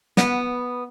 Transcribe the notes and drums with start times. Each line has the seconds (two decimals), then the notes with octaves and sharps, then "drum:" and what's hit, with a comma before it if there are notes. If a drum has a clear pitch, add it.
0.17 B3, drum: snare